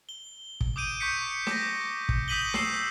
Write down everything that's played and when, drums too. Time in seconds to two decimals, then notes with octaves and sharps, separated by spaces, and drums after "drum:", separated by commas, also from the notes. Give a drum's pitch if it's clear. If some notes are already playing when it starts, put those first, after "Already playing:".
0.09 G7
0.61 drum: kick
0.76 D6 D#6 G6 D7 D#7
0.99 C#6 G6 B6 C#7 D#7
1.47 D6 A#6, drum: snare
2.09 drum: kick
2.28 D#6 G6 B6 D#7 F#7 G7
2.54 E6 C7 E7 G7, drum: snare